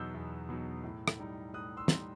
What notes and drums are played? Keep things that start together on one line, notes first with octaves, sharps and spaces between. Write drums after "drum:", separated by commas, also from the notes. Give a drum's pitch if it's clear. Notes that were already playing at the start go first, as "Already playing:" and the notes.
Already playing: E2 B2 F#3 B3 D#4 E6 G6
E2
B2 F#3 B3 D#4
A2
drum: rim click
G3 D#4
A2 D#6 F#6
C6 E6
G3 D#4, drum: snare